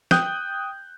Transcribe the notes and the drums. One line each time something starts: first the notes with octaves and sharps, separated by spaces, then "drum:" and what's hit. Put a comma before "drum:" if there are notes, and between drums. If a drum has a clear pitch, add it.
G5 D#6 F#6 G6, drum: snare